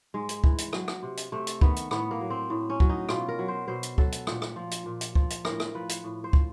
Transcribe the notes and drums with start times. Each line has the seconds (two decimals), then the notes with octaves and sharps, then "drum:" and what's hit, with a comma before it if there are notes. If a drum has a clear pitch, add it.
0.14 G#2 G#3
0.29 drum: hi-hat
0.44 E3, drum: kick
0.58 drum: hi-hat
0.73 F#3, drum: rim click
0.88 drum: rim click
1.03 C3
1.17 drum: hi-hat
1.32 C3 A3
1.47 drum: hi-hat
1.61 D#3 B3, drum: kick
1.76 drum: hi-hat
1.91 A2 B3, drum: rim click
2.11 A#3
2.21 F#3
2.30 C4
2.50 A2
2.70 C#4
2.80 F#3, drum: kick
2.89 D#4
3.09 B2 F4, drum: rim click
3.28 A#4
3.39 F#3
3.48 C5
3.68 B2 C5
3.83 drum: hi-hat
3.98 F#3 A4, drum: kick
4.12 drum: hi-hat
4.27 A#2, drum: rim click
4.42 drum: rim click
4.56 F3
4.71 drum: hi-hat
4.86 A#2
5.01 drum: hi-hat
5.15 F3, drum: kick
5.30 drum: hi-hat
5.45 A2 A#4, drum: rim click
5.60 drum: rim click
5.75 F3 B4
5.89 drum: hi-hat
6.04 A2
6.24 C5
6.33 F3, drum: kick